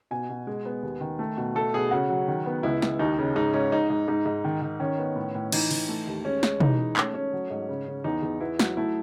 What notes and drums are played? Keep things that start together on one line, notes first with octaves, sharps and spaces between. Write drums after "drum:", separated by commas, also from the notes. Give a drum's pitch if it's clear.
B2 G#5
B2
G#3
B3
D#2
D#3
A3
B2
A3 A4
B2 G#4
C#3 F#4
F#3
D#3
B3
C#2 E4
C#2, drum: snare
D#2 D#4
C#3
G#2 D#4
G#2 C#4
G#2 D#4
G#2
G#2 D#4
G#2
D#3
D#3
D#3 C#4
B3
A2
A2
E3 D#4, drum: cymbal
E3, drum: open hi-hat
A3
D#2
G#3 C#4
G#3, drum: snare
E3 D#4, drum: tom
G#3
A3 C#4, drum: clap
A3 C#4
F#3
G#2
C#3
C#3
E2 D#4
E2
B3 E4
F#3, drum: snare
A3 E4